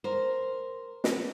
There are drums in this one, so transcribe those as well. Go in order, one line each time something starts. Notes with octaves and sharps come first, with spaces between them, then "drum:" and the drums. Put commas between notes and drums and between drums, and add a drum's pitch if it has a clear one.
A#4 C5
drum: snare